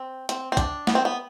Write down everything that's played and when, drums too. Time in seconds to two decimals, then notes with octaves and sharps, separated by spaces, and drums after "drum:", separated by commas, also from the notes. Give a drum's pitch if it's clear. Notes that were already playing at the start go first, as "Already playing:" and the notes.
Already playing: C4
0.29 C4, drum: hi-hat
0.52 C4
0.57 D4, drum: kick, hi-hat
0.87 B3, drum: snare
0.95 C4
1.05 B3